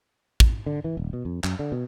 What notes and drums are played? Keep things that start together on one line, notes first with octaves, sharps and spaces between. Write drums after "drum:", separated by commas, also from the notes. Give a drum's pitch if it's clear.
drum: kick
D3
E3
D#1
B2
F2
F#2, drum: clap
D3
B2